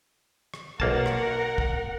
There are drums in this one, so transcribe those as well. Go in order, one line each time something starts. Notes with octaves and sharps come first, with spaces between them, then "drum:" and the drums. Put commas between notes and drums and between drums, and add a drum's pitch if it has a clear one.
drum: rim click
B1 A#3 A#4 F#5 A5, drum: kick
drum: rim click
drum: kick